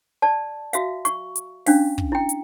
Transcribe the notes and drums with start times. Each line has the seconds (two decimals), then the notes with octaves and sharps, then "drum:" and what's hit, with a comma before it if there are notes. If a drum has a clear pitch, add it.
0.22 D5 A5
0.73 F#4 E5 F5, drum: hi-hat
1.05 C#6, drum: hi-hat
1.36 drum: hi-hat
1.66 C#4 D4 F5, drum: open hi-hat
1.98 drum: kick
2.12 E4 G5
2.29 drum: hi-hat